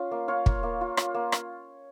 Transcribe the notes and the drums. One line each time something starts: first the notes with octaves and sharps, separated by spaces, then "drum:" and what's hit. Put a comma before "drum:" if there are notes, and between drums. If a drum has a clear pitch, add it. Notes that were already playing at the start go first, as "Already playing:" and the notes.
Already playing: C#4 F4 F5
A#3
F4 C#5 F5
A#3, drum: kick
A#3
F4
F4, drum: rim click
A#3
drum: rim click